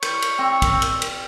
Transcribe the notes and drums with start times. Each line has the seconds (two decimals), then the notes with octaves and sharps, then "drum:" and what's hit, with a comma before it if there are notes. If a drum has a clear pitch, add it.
0.02 C5 C#5, drum: cymbal
0.22 drum: cymbal
0.38 C4
0.62 drum: kick, cymbal
0.82 drum: cymbal
1.02 drum: cymbal